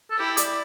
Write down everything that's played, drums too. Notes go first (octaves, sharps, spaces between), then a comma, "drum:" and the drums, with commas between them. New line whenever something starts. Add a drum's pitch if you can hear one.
A4
E4 G4
D5, drum: hi-hat